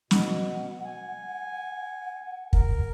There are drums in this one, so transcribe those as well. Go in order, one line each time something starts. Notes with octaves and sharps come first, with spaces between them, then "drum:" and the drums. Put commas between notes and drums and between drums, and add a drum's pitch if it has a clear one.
B2 F#5, drum: snare
G#5
A#4, drum: kick